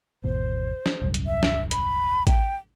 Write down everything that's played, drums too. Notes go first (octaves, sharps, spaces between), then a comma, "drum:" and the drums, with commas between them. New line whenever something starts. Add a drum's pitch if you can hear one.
G#1 E2 B2 C5
drum: snare
D#1 C2 F#2
drum: hi-hat
E5
drum: snare
B5, drum: hi-hat
G5, drum: kick A1, hi-hat